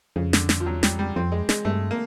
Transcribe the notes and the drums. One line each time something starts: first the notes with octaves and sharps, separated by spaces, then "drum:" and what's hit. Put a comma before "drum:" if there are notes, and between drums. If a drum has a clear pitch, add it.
F2 C#3
D3, drum: snare
D3, drum: snare
F3
E2 F#3
G3, drum: snare
F2
G3
F2 C4
G#3
G#3, drum: snare
G2 A3
A#3